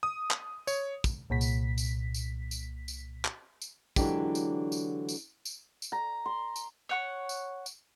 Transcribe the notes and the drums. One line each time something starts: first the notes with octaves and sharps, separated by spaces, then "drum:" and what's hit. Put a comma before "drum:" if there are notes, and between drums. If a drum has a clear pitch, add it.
D#6
drum: clap
C#5, drum: tambourine
drum: kick, tambourine
C2 A#2 B6
drum: tambourine
drum: tambourine
drum: tambourine
drum: tambourine
drum: tambourine
drum: clap
drum: tambourine
D3 E3 F#3 G#3 D4 G4, drum: kick, tambourine
drum: tambourine
drum: tambourine
drum: tambourine
drum: tambourine
drum: tambourine
A#5
C6
drum: tambourine
C#5 F#5 C#6
drum: tambourine
drum: tambourine